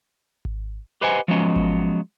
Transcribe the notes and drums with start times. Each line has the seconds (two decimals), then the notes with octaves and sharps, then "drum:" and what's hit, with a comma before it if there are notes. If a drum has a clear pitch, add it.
0.45 drum: kick G#1
1.01 G4 B4 C5 D#5 F#5 G#5
1.28 F3 F#3 G#3 B3 C#4 D#5
1.56 drum: kick G#1